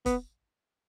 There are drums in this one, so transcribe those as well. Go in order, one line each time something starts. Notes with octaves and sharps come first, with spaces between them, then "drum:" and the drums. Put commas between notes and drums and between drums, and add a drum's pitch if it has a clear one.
B3, drum: kick, hi-hat